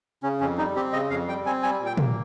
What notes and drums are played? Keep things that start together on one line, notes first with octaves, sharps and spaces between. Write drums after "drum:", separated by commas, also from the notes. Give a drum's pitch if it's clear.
C#3 C#4
F2 C#4
G3 D#4
C4 G4
C#3 D#5
F2 F5
G3 G5
C4 G#5
G3 G#5
A#2
G5
A#3, drum: tom